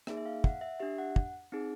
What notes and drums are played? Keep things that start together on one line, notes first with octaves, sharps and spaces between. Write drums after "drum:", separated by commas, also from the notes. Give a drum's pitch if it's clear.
A#3 D#4 G#4 E5, drum: rim click
E5
F5
F#5, drum: kick
E5
D4 G4 E5
F#5
drum: kick
C4 D#4 G#4